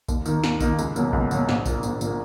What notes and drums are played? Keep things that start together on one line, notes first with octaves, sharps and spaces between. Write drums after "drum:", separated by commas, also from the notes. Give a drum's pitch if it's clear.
D#2, drum: kick A#1, tambourine
D#3 A#3 D#4, drum: tambourine
D#2, drum: snare
D#3 A#3 D#4, drum: kick A#1, tambourine
C#2, drum: tambourine
B2 F#3 A#3, drum: tambourine
C#2, drum: kick A#1
B2 F#3 A#3, drum: tambourine
A#1, drum: snare
A#2 A#3, drum: kick A#1, tambourine
A#1, drum: tambourine
A#2 A#3, drum: tambourine